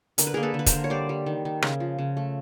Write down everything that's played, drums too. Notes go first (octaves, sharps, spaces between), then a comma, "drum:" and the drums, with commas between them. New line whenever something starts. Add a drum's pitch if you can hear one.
D3 A#4, drum: hi-hat
B4
A#3 G#4 A#4
A4 B4
D3
B4
A#4 C5, drum: kick, hi-hat
D3
C#5
G3 C5 D5
G3
D#3
D#3
C#3, drum: rim click
F3
C#3
A3